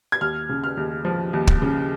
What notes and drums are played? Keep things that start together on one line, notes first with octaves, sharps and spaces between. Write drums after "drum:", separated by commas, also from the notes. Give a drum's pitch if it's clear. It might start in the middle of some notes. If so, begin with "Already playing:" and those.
G#6
D#2 F6
C#3
F6
D#2
F3
D#2
drum: kick
C#3